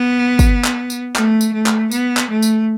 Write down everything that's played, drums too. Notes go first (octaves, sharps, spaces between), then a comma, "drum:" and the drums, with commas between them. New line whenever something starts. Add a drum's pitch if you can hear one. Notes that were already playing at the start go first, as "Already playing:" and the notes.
Already playing: B3
drum: kick, tambourine
drum: clap
drum: tambourine
A3, drum: clap
drum: tambourine
A3
drum: clap
B3, drum: tambourine
drum: clap
A3
drum: tambourine